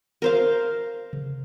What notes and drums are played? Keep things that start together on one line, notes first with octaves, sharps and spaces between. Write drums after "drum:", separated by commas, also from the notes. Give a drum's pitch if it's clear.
A#4 C5 F5
drum: tom C3